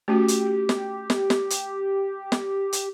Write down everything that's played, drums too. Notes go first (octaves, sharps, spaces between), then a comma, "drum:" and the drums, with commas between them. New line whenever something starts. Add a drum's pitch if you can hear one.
A3 C#4 F#4 G4
drum: hi-hat
drum: snare
drum: snare
drum: snare
drum: hi-hat
drum: snare
drum: hi-hat